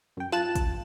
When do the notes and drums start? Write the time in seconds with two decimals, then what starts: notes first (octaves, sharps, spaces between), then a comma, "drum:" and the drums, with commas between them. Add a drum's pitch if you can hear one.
0.17 F#2 G5
0.32 F4 A5 F#6 E7, drum: snare
0.55 drum: kick, hi-hat